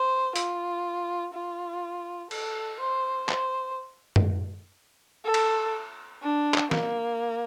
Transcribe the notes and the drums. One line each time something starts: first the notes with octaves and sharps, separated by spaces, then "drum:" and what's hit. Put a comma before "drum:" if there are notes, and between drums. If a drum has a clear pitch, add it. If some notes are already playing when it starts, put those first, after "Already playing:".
Already playing: C5
F4, drum: hi-hat
F4
A4, drum: cymbal
C5
C5, drum: clap
drum: tom
A4
drum: cymbal
D4
drum: clap
A#3, drum: snare